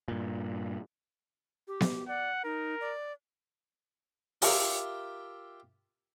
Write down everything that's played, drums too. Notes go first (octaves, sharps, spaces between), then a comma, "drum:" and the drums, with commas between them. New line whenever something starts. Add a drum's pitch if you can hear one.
G2 A#2
G4
drum: snare B3
D5 F#5
D#4 A#4
D5
F4 G4 A#4 E5 F5 G5, drum: open hi-hat